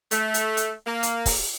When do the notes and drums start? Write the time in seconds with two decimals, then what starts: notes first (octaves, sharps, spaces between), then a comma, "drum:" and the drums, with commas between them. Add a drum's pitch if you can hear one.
0.11 A3, drum: hi-hat
0.34 drum: hi-hat
0.57 drum: hi-hat
0.86 A#3
1.03 drum: hi-hat
1.26 drum: kick, open hi-hat